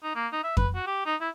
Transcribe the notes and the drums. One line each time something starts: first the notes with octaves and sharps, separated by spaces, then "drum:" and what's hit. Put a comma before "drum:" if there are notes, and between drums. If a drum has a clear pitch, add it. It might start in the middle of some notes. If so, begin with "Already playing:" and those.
D#4
A#3
D#4
E5
B4, drum: kick F2
F#4
G4
D#4
E4